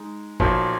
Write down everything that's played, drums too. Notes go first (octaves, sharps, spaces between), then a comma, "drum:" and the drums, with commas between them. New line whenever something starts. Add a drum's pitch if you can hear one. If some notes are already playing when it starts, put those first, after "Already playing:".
Already playing: G#3 D#4
B1 A#2 F3, drum: kick G#1